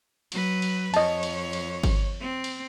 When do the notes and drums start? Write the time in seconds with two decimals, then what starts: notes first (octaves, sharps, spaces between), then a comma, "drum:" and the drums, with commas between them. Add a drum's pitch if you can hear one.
0.32 F#3 B4, drum: cymbal
0.62 drum: cymbal
0.94 F2 C#5 D#5 A5, drum: cymbal
1.23 drum: cymbal
1.53 drum: cymbal
1.83 drum: kick G1, cymbal
2.21 C4
2.44 drum: cymbal